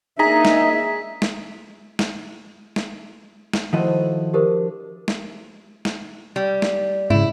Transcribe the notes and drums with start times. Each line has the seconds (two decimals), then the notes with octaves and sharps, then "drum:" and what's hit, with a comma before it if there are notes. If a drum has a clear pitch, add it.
0.19 A#3 D4 D#4 G#4 E5 A#5 B6
0.45 drum: snare
1.22 drum: snare
1.99 drum: snare
2.76 drum: snare
3.53 drum: snare
3.73 D#3 F3 A3 E4 F#4 D#5
4.34 D4 G4 A#4 C5
5.08 drum: snare
5.85 drum: snare
6.36 G3
6.62 drum: snare
7.10 G#2 C#3 E4